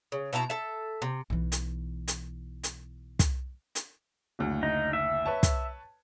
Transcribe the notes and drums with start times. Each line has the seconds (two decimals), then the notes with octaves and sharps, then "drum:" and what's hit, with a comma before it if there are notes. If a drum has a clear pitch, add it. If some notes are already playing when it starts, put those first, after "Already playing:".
0.12 C#3
0.33 B2 E4 A5 A#5
0.50 A4 E5
1.02 C3
1.30 B1 E3
1.52 drum: hi-hat
2.08 drum: hi-hat
2.64 drum: hi-hat
3.19 drum: kick, hi-hat
3.75 drum: hi-hat
4.39 F#1 D2
4.63 D#4
4.93 E5
5.26 B4 C#5 A5
5.43 drum: kick, hi-hat